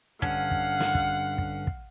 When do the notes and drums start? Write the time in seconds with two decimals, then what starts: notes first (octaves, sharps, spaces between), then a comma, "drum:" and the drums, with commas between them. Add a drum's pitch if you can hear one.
0.22 G2 D3 C#4 F5 F#5, drum: kick
0.51 drum: kick
0.80 drum: snare
0.95 drum: kick
1.38 drum: kick
1.67 drum: kick